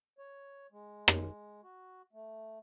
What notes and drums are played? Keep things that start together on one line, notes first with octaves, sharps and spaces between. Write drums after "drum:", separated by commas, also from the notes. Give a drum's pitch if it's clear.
C#5
G#3
drum: rim click
F#4
A3